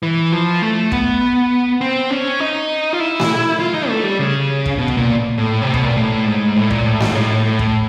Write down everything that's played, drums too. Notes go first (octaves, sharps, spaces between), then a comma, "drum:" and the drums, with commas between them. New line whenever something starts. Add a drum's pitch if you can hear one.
E3
F3
A3
B3, drum: kick
C4
C#4
D#4
F4
E4
drum: snare A3
F4
D#4
A3
G3
C#3
drum: kick
B2
drum: kick
A#2
A2
C3
B2, drum: kick
A#2
A2
G#2
A2
A#2, drum: kick
A2
G#2, drum: snare A3
A2
A2
drum: kick